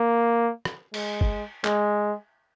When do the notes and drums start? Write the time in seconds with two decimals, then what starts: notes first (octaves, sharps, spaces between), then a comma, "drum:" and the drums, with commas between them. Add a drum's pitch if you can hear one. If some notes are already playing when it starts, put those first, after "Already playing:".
Already playing: A#3
0.65 drum: rim click
0.94 G#3, drum: cymbal
1.21 drum: kick
1.64 G#3, drum: clap